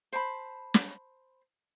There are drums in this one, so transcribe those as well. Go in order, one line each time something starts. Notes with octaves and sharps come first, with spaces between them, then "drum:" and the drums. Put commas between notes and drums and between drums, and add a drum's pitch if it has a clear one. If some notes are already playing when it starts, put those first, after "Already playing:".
C5 A5 B5
drum: snare